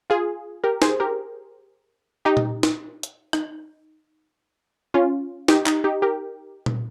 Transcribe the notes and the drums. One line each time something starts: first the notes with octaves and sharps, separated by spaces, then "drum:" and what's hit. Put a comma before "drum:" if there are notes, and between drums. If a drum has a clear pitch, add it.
F4 G#4
G4 A#4
G#4 C5, drum: snare
G4 A#4
D#4 G4
drum: tom A#2
drum: snare
drum: hi-hat
D#4, drum: rim click
C#4 F4
D#4 G4, drum: snare
D#4, drum: clap
D#4 G4
G4 A#4
drum: tom A#2